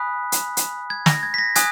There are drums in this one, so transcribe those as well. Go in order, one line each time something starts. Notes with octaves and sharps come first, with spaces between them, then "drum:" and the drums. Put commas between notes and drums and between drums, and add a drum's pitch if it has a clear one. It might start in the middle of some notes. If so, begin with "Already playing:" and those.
Already playing: G#5 B5 D#6 F#6 B6
drum: hi-hat
drum: hi-hat
G#6
A#6, drum: snare
G#6
B6
A#6
G#5 D#6 F#6 G#6, drum: hi-hat